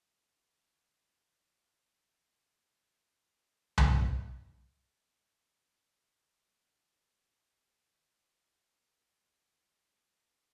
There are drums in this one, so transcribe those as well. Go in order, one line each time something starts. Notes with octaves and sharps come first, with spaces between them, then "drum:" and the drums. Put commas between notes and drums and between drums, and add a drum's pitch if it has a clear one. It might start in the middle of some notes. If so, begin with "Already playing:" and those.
C#5
G#4
A4
G4
F#4
G#4
A4
drum: tom C2
B4
C#5
C5
B4
A4